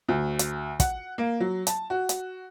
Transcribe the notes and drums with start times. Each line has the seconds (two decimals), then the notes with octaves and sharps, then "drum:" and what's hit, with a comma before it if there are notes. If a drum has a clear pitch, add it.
0.08 D2
0.39 drum: hi-hat
0.80 F#5, drum: kick, hi-hat
1.18 A#3
1.40 F#3
1.67 A5, drum: hi-hat
1.90 F#4
2.09 drum: hi-hat